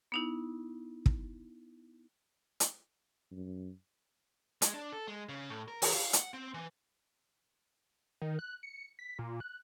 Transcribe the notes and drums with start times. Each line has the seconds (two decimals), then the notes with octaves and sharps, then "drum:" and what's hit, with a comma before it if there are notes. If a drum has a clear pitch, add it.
0.12 B3 D#4 E4
1.06 drum: kick
2.60 drum: hi-hat
3.31 F#2
4.62 G#3, drum: hi-hat
4.74 D4
4.92 A4
5.08 G#3
5.29 C#3
5.50 A2
5.68 A#4
5.82 E3, drum: open hi-hat
5.94 F5
6.13 F#5, drum: hi-hat
6.34 C4
6.54 E3
8.22 D#3
8.39 F#6
8.63 C#7
8.99 B6
9.19 A#2
9.40 F#6